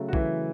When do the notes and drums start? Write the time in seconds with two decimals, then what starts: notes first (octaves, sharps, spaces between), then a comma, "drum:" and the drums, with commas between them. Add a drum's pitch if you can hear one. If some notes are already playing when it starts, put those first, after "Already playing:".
Already playing: C#3 F#3 A3
0.08 F#4
0.13 E3 E4, drum: kick